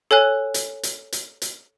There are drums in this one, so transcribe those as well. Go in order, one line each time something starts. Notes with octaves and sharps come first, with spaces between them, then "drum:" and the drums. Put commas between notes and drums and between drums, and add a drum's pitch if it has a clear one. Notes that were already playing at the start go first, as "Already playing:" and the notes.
A4 C#5 G#5 F#6
drum: hi-hat
drum: hi-hat
drum: hi-hat
drum: hi-hat